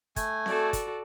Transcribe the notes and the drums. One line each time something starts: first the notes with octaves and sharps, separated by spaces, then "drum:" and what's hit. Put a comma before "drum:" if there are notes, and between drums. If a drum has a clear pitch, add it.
A3 G#5, drum: kick, hi-hat
F#4 A4 D5, drum: snare C4
drum: kick, hi-hat